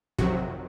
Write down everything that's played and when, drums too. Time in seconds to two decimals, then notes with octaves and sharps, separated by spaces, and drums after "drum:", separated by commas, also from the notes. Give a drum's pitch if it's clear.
0.18 F2 C3 D#3 F#3 F#4, drum: kick